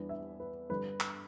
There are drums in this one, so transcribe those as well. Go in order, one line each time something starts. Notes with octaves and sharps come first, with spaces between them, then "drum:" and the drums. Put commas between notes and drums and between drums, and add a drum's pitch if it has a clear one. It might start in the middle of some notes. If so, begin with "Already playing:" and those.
Already playing: E2 E3 G3 B3 D4
E5
B4
G2 D3 G3 D4 B4
drum: clap